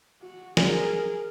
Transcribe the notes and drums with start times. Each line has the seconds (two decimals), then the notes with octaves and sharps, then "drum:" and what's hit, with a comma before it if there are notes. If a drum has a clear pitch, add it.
0.22 F#4
0.57 G#4 A#4, drum: snare